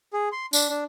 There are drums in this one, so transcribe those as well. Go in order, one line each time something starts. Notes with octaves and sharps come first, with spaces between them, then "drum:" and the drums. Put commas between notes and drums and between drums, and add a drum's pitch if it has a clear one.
G#4
C6
D4, drum: tambourine
D4